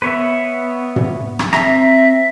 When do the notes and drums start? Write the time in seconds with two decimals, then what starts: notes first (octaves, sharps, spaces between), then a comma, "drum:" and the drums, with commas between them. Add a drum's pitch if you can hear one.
0.02 B3 B4 C#5 E5
0.96 drum: tom
1.39 drum: rim click
1.53 C4 E5 A#5, drum: rim click